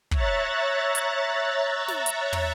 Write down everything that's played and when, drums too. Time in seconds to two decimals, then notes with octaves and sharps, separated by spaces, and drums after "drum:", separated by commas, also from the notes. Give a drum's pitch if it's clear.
0.11 C#5 E5 A#5 F#6 A6, drum: kick
0.95 drum: hi-hat
1.88 drum: snare
2.06 drum: hi-hat
2.33 drum: tom